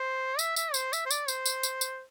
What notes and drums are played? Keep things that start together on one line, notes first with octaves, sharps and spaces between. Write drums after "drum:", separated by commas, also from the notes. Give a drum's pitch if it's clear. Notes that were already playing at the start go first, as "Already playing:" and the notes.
Already playing: C5
E5, drum: tambourine
E5, drum: tambourine
C5, drum: tambourine
E5, drum: tambourine
C5
D5, drum: tambourine
C5, drum: tambourine
drum: tambourine
drum: tambourine
drum: tambourine